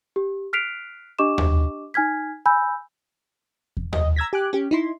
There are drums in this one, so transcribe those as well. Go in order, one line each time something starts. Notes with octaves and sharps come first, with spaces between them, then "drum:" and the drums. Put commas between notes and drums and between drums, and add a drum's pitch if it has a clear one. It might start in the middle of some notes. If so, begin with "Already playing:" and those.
G4
F6 F#6 B6 C7 D7 F7
D4 G4 D#5 C#6 D6 E7
drum: tom D#2
D#4 G#5 F6 G#6 B6
G#5 B5 E6 G6
drum: kick E2
D#5, drum: tom D#2
A#5 E6 G#6 A#6 B6
G4 G#5 D6 F#6
C#4 G4
D#4 E4 C6